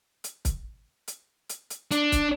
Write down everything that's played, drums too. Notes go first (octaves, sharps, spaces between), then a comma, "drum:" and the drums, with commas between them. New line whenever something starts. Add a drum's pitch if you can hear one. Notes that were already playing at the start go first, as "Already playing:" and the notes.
drum: hi-hat
drum: kick, hi-hat
drum: hi-hat
drum: hi-hat
drum: hi-hat
D4, drum: hi-hat
drum: kick, hi-hat